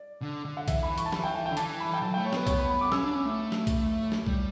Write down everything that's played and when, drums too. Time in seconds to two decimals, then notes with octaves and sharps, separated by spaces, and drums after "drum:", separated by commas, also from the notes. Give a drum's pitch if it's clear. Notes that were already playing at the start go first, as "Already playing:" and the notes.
Already playing: D5
0.22 D3
0.45 D3
0.57 F#5
0.68 E3 E5, drum: kick B1, hi-hat
0.83 B5
0.98 C#6, drum: hi-hat
1.06 A5
1.13 B5, drum: snare
1.24 G5
1.35 G5
1.46 G5
1.51 D3
1.57 E3 A5, drum: hi-hat
1.80 B5
1.94 G5
2.02 F#3 A5
2.14 A3 G5
2.25 C#5
2.33 B3 B4, drum: snare
2.47 C#5, drum: kick B1, hi-hat
2.59 B5
2.70 B5
2.81 D6
2.92 C#4 E6, drum: snare
3.04 D4
3.15 C#4
3.25 A3
3.52 drum: snare
3.67 drum: kick B1, hi-hat
4.12 drum: snare
4.27 G3, drum: kick B1